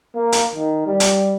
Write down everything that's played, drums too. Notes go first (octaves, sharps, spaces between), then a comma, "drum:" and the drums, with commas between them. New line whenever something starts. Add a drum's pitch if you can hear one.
A#3
drum: hi-hat
D#3
G3
drum: hi-hat